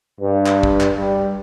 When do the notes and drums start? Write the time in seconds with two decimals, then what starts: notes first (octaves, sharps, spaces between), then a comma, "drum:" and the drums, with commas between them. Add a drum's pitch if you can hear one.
0.20 G2
0.46 drum: clap
0.63 drum: kick
0.81 drum: clap
0.98 G3